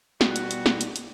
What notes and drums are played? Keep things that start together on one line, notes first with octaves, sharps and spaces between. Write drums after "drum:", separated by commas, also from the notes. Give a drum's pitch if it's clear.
B2 G3 F#4, drum: snare
drum: hi-hat
drum: hi-hat
drum: snare
drum: hi-hat
drum: hi-hat